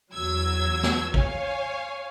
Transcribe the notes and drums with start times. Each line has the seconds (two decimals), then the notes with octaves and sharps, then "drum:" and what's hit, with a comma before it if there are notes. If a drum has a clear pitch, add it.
0.13 E2 F#3 E6 G#6
0.83 drum: snare
1.14 C#5 F5 G#5, drum: kick